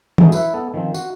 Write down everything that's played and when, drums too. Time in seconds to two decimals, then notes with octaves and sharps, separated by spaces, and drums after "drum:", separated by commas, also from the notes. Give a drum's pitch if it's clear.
0.18 F#3 G#3 A3 D#4, drum: tom
0.32 E4 B4 E5, drum: tambourine
0.54 B3 A4
0.74 D#3 F3 C4
0.94 F#4, drum: tambourine